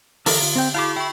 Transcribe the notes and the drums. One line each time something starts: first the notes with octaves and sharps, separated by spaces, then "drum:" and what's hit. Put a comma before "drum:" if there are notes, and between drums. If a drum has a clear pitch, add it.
D3 E3 A4 A#4 D7, drum: open hi-hat
F4
C4 G5
E4 F#4 G#4 F5 D6
E4 G5 C#6